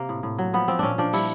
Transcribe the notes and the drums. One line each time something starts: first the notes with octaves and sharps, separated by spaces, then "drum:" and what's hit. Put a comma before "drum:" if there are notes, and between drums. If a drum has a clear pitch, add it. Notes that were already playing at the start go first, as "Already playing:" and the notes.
Already playing: C3 A#3
A2
A2
F#3
F3 B3
F3 C4
A#2 C#4 D4
F3 D4
G3 E4, drum: open hi-hat